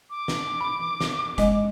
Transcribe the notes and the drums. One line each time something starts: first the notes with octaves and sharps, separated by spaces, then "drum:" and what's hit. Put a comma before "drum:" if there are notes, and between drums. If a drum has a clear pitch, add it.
D6
drum: snare
B5
drum: snare
G#3 D#5, drum: kick G1, hi-hat